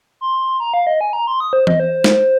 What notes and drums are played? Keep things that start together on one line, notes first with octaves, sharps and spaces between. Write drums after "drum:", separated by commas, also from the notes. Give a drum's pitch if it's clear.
C6
A#5
F5
D#5
G#5
A#5
C6
D#6
C5
D#5, drum: tom E3
C5
drum: snare